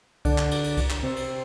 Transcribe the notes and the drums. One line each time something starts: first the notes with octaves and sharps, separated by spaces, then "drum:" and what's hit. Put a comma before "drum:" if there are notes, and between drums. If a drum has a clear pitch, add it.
D3 D4, drum: kick C2, cymbal
drum: clap
drum: cymbal
drum: cymbal
drum: kick C2, cymbal
drum: clap
C3 C4
drum: cymbal